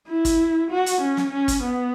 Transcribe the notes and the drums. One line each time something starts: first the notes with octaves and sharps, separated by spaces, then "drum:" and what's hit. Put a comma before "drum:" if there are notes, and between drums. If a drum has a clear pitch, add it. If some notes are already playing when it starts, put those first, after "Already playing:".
E4
drum: kick, hi-hat
F#4
drum: hi-hat
C#4
drum: snare
C#4
drum: kick, hi-hat
B3